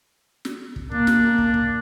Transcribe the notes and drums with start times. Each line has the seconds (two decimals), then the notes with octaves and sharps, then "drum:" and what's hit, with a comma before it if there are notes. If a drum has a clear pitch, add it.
0.45 drum: snare
0.76 drum: kick
0.92 A#3 D4, drum: kick
1.07 drum: snare
1.38 drum: kick
1.54 drum: kick